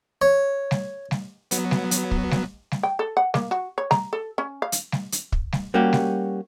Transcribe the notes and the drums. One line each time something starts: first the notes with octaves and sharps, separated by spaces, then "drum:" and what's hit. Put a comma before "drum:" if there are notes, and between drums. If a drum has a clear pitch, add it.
C#5
drum: snare
drum: snare
F#3 B3, drum: hi-hat
drum: snare
drum: hi-hat
drum: kick
drum: snare
drum: snare
G5
A4
F#5
A#3, drum: snare
F#4
C#5
A#5, drum: snare
A4
C#4
F5
drum: hi-hat
drum: snare
drum: hi-hat
drum: kick
drum: snare
G3 A#3 C#4 F#4 G4
drum: snare